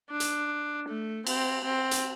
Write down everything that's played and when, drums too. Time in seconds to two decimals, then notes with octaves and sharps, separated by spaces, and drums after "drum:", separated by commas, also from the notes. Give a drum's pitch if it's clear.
0.10 D4
0.20 drum: hi-hat
0.88 A3
1.27 C4, drum: cymbal
1.64 C4
1.91 drum: hi-hat